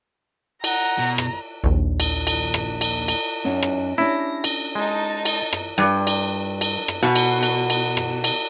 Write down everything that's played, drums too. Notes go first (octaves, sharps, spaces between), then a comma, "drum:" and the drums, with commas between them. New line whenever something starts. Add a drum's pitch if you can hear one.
F#5 A#5, drum: cymbal
B2
drum: rim click
A#1 D#2
drum: cymbal
drum: cymbal
drum: rim click
drum: cymbal
drum: cymbal
F#2 C#4 D#4
drum: rim click
C#4 D4 E4 G4 A#6
drum: cymbal
G#3 D#4 A5
drum: cymbal
drum: rim click
G2
drum: cymbal
drum: cymbal
drum: rim click
B2
drum: cymbal
drum: cymbal
drum: cymbal
drum: rim click
drum: cymbal